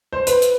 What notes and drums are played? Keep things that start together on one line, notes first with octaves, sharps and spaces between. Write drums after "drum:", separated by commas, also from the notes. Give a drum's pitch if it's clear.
C5
B4, drum: hi-hat
drum: hi-hat